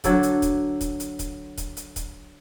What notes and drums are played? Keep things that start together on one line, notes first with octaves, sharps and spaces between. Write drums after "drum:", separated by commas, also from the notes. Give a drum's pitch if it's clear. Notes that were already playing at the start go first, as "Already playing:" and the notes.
D3 F#3 A4 G5, drum: kick C#1, hi-hat
drum: hi-hat
drum: kick C#1, hi-hat
drum: kick C#1, hi-hat
drum: hi-hat
drum: kick C#1, hi-hat
drum: kick C#1, hi-hat
drum: hi-hat
drum: kick C#1, hi-hat